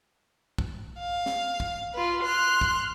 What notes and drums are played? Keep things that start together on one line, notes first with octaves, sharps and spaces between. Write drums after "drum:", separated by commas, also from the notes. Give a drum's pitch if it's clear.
drum: kick
F5
drum: snare
drum: kick
F4 B4
C6 F6 F#6
drum: kick